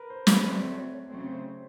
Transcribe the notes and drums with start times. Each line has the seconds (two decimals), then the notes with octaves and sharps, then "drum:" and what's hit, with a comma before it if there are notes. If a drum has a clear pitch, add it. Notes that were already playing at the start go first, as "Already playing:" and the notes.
Already playing: A#4 B4
0.10 C5
0.27 B4, drum: snare
0.43 D3 F#3 A3 C4 D5
0.60 C#5
0.76 C#5
0.93 C#5
1.10 C#3 F#3 A3 C4 C#5
1.27 C5
1.43 C#5